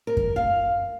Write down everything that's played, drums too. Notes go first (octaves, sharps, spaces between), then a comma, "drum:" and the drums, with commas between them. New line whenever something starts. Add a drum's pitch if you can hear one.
A#4
drum: kick F#2
F5